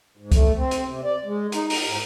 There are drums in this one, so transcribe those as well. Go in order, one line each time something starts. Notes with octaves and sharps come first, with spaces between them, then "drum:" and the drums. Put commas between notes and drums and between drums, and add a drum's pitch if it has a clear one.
G#2
A3, drum: kick C#2, hi-hat
C4
drum: hi-hat
C3
D5
G#3
D#4, drum: hi-hat
A#5, drum: open hi-hat
G#2